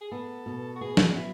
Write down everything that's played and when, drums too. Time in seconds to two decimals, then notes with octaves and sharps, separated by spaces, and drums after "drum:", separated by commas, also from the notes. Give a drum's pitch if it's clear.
0.01 G#4
0.12 B3 A4
0.46 B2
0.75 F#4
0.81 B3 G#4
0.97 drum: snare
1.15 F#3 E4